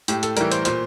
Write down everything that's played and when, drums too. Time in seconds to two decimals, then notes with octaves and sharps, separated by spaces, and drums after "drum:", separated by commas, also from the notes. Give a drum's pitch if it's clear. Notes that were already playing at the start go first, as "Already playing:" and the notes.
0.08 A2 G4, drum: hi-hat
0.23 A4, drum: hi-hat
0.37 E3 G3 A#4, drum: hi-hat
0.52 C5, drum: hi-hat
0.65 A#2 C5, drum: hi-hat